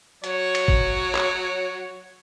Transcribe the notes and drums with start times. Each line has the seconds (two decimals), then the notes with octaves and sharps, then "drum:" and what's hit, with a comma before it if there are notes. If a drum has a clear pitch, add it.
0.24 F#3 C#5, drum: hi-hat
0.55 drum: cymbal
0.68 drum: kick
1.15 drum: clap